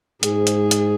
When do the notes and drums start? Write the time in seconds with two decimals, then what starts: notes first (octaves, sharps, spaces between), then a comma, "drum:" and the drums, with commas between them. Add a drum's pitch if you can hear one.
0.23 G#2 G#4, drum: hi-hat
0.47 drum: hi-hat
0.71 drum: hi-hat